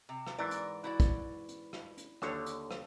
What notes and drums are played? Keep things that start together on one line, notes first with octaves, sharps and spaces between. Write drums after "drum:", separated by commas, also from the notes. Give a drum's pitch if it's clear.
C3
drum: rim click
G#2 E3 A#4 D5
drum: hi-hat
E4 F#4 D5
drum: kick, hi-hat
drum: hi-hat
drum: rim click
drum: hi-hat
D#2 D3 C#5, drum: rim click
drum: hi-hat
drum: rim click